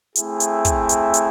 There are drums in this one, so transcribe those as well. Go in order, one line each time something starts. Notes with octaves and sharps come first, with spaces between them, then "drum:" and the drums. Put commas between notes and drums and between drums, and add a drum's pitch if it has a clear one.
A3 C4 E4 G#4, drum: hi-hat
drum: hi-hat
drum: kick, hi-hat
drum: hi-hat
drum: hi-hat